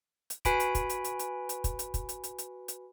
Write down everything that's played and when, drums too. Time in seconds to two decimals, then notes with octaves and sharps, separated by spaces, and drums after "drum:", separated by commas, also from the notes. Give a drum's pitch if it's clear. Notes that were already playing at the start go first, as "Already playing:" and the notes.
0.30 drum: hi-hat
0.45 F#4 B4 G#5 B5 B6 D7, drum: kick, hi-hat
0.60 drum: hi-hat
0.75 drum: kick, hi-hat
0.90 drum: hi-hat
1.05 drum: hi-hat
1.19 drum: hi-hat
1.49 drum: hi-hat
1.64 drum: kick, hi-hat
1.79 drum: hi-hat
1.94 drum: kick, hi-hat
2.09 drum: hi-hat
2.24 drum: hi-hat
2.39 drum: hi-hat
2.68 drum: hi-hat